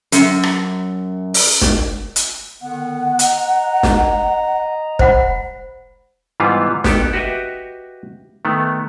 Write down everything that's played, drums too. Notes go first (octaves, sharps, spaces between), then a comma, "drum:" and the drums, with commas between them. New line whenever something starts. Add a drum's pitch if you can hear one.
F#2, drum: hi-hat
drum: rim click
drum: open hi-hat
drum: snare
drum: hi-hat
D3 D#3 B3 F#5
D#5 A#5, drum: hi-hat
drum: snare
C5 F#5 B5, drum: kick
G#2 E3 G3 B3 F4
B3 G4 A4, drum: snare
F#4 G4 B4 D#5 E5
D#3 A3 B3